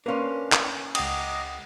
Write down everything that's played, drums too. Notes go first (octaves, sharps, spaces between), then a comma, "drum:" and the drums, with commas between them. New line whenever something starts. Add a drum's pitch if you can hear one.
A#3 C#4 D4 B4 F5 C6
drum: clap
C#2 D#5 F#5 G5 A#5 D6 D#6, drum: cymbal